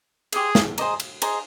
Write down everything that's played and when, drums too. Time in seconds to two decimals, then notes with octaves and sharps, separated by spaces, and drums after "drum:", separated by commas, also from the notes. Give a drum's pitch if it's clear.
0.33 G4 G#4 C5 F5, drum: cymbal
0.55 drum: snare
0.78 G#4 C5 D#5 A#5, drum: cymbal
1.00 drum: cymbal
1.22 G#4 C5 D#5 A#5, drum: cymbal